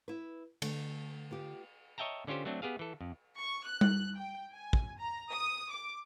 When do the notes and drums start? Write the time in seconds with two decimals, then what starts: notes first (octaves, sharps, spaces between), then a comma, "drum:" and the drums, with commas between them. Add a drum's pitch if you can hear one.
0.08 E4 B4
0.62 D3 A3, drum: cymbal
1.31 B3 F4 G4
1.98 C#5 D#5 E5 G5 A5 A#5
2.27 D3 C#4 F4 G4 C5
2.45 F#3 A3 C4 D4
2.62 B3 G4 G#4 F5
2.79 E3 A4
3.01 F2
3.37 C#6
3.66 F#6
3.81 drum: tom G3
4.17 G5
4.55 G#5
4.73 drum: kick
4.99 A#5
5.32 D#6
5.71 D6